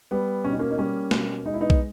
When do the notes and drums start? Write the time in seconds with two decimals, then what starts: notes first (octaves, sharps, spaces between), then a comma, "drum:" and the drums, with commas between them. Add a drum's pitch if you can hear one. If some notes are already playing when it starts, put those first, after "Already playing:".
0.11 G3 B3
0.44 B2 C#4
0.52 D#4
0.59 A#3 C#4
0.71 D#4
0.78 G3 A#3 C#4
1.11 B2, drum: snare
1.46 G#3 D#4
1.54 E4
1.61 B3 D#4
1.70 drum: kick